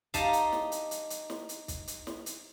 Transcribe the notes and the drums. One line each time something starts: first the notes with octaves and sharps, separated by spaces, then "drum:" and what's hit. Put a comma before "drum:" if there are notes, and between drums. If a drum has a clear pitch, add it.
D#4 G4 F5 A5 A#5, drum: kick, hi-hat
drum: hi-hat
drum: snare
drum: hi-hat
drum: hi-hat
drum: hi-hat
drum: snare
drum: hi-hat
drum: kick, hi-hat
drum: hi-hat
drum: snare
drum: hi-hat